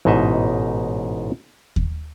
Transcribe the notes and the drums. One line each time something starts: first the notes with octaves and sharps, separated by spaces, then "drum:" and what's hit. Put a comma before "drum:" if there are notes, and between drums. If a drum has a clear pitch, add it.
A1 G#2 B2 D#4 D#5 E5
drum: kick D#2